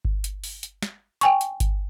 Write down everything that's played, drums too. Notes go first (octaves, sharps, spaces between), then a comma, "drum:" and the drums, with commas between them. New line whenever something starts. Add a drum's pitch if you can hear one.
drum: kick G1
drum: hi-hat
drum: open hi-hat
drum: hi-hat
drum: snare
G5 G#5 C#6, drum: hi-hat
drum: hi-hat
drum: kick G1, hi-hat